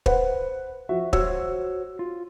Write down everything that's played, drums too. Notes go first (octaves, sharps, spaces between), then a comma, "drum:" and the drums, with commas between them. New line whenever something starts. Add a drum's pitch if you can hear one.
B4 C5 F#5, drum: kick
F3 F#4 E5
F#4 C5 C#5 E6, drum: kick
F4